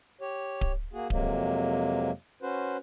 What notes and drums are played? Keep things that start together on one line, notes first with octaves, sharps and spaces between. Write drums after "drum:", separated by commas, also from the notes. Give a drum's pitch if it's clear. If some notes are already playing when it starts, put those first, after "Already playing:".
G4 C#5
drum: kick D1
A#3 F#4 G#4
F2 C3 F#3 G#3 A#3, drum: kick D1
C#4 F#4 B4 C5